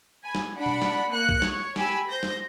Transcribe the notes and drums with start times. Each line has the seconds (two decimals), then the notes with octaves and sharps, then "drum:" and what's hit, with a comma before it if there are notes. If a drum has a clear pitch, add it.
0.23 G#5 B5
0.35 drum: snare
0.56 D4 F#5 B5
0.66 drum: tom B2
0.82 drum: snare
1.09 A#3 F#6 C#7
1.29 drum: kick
1.42 C#5, drum: snare
1.76 G4 G#5 B5 E6, drum: snare
2.07 C5 G6 A#6
2.23 drum: snare